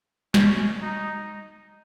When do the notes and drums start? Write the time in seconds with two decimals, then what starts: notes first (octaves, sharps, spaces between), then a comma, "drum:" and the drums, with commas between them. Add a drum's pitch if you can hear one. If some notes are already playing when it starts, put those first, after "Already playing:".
0.34 C#4, drum: snare
0.81 D#4